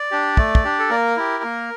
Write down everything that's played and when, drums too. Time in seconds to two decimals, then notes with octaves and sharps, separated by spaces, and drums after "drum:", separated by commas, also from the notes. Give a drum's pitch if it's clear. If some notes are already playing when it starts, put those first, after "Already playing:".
Already playing: D5
0.11 D4 G4
0.37 A3, drum: kick
0.55 drum: kick
0.64 D4 G4
0.79 A4
0.90 A#3 A#4
1.17 E4 G4
1.43 A#3